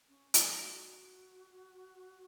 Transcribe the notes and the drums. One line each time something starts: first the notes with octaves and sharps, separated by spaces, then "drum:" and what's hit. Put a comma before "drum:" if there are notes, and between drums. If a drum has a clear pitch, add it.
C#4
D#4, drum: hi-hat
F#4
F#4